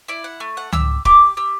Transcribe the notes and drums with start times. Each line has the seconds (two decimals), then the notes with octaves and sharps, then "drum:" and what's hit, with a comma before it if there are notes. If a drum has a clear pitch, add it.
0.08 E4 D5
0.24 F#5
0.40 A3
0.57 F#5
0.72 G4 E6, drum: tom C#2
1.05 G4 D6, drum: kick
1.37 G4 E6